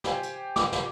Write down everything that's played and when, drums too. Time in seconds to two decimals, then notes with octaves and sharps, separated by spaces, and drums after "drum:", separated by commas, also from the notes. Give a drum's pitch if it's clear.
0.04 G4 C5 G#5, drum: snare
0.23 drum: hi-hat
0.56 D6, drum: snare
0.72 drum: snare